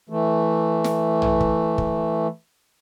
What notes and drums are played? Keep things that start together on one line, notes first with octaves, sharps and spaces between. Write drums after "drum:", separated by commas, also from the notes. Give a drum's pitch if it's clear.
E3 A3
drum: snare
drum: tom A#1
drum: kick
drum: kick